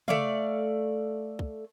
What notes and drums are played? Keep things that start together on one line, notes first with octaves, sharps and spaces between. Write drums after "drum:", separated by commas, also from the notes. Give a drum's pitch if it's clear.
A3 D5 F5, drum: tom
drum: kick